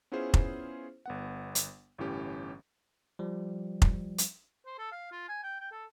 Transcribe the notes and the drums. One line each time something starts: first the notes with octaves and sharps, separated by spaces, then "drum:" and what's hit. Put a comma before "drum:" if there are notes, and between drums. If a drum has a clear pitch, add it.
B3 C#4 E4 F4 G#4 C5
drum: kick F1
G1 B3 F#5
drum: hi-hat
G1 A2 E3 C#4 G4
F3 G3
drum: kick F1
drum: hi-hat
C5
A4
F5
F4
G#5
G5
G5
A4